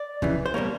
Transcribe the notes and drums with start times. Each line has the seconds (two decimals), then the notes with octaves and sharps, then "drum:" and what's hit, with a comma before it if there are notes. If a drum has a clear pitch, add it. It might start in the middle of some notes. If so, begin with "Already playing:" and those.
Already playing: D5
0.22 F2 C#3 E3, drum: kick
0.46 C5
0.54 B2 G3 A#3 C#5